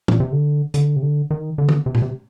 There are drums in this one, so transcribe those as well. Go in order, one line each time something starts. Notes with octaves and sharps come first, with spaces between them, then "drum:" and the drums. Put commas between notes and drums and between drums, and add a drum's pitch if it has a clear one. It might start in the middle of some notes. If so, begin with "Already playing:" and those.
A#2, drum: tom
C3
D3
D3, drum: hi-hat
C3
D3
D#3
D3
drum: tom
C3
A#2, drum: tom
C3